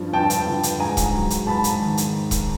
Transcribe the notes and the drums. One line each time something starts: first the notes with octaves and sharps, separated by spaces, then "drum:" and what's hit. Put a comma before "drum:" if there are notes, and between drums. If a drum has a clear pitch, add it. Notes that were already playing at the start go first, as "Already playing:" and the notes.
Already playing: G2 F3
G2 G5 A5
drum: hi-hat
D3
drum: hi-hat
G#2 G#5 A#5
drum: kick C#1, hi-hat
F#3
drum: hi-hat
G#2 A5 B5
drum: hi-hat
D#3
drum: hi-hat
drum: kick C#1, hi-hat